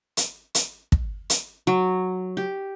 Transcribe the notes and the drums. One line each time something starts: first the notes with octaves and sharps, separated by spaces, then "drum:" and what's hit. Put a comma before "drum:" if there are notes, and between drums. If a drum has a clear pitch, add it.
drum: hi-hat
drum: hi-hat
drum: kick
drum: hi-hat
F#3
G4